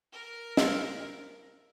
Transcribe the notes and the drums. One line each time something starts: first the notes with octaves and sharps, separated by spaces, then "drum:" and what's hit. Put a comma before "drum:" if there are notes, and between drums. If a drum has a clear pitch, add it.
A#4
F3 E6 F6, drum: snare